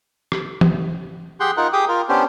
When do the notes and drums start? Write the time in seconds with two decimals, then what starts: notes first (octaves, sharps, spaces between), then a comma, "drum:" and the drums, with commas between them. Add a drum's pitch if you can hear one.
0.32 drum: rim click
0.61 drum: tom E3
1.40 G4 G#4 F#5 G5 C6
1.57 D#4 F4 A#4 F#5
1.73 G4 G#4 G5 D6 D#6
1.88 F4 A#4
2.09 B3 C#4 D4 G4 C5